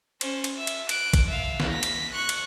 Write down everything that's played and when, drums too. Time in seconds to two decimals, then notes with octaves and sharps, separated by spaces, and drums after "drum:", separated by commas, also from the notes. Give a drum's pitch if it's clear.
0.21 C#4 C5, drum: cymbal
0.44 drum: cymbal
0.57 E5
0.67 drum: cymbal
0.89 F#6 D7, drum: cymbal
1.13 drum: kick, cymbal
1.28 E5 F5
1.60 drum: snare
1.70 A#6 B6
1.83 drum: cymbal
2.12 C#6 F#6
2.29 drum: cymbal